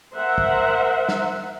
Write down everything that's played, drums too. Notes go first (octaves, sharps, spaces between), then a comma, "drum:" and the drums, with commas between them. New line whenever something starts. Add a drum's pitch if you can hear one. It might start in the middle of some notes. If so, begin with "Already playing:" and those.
A#4 C5 E5 F#5
drum: kick
drum: snare